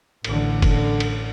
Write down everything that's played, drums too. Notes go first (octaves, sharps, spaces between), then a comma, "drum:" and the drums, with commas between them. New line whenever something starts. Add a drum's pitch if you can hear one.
A1 D3, drum: cymbal
drum: kick, cymbal
drum: cymbal